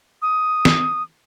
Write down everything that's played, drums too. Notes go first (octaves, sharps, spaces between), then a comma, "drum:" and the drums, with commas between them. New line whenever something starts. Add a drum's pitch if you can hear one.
D#6
drum: snare